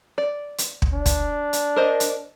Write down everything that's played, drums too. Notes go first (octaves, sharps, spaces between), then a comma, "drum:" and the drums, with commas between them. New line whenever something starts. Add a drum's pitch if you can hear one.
D5
drum: hi-hat
drum: kick
D4
drum: kick, hi-hat
drum: hi-hat
A#4 C5 D#5
drum: hi-hat